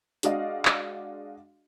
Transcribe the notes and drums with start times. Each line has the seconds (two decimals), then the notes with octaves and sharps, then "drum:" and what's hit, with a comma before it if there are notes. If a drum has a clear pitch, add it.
0.23 G#3 D4 F#4 D5 D#5 F5, drum: hi-hat
0.65 drum: clap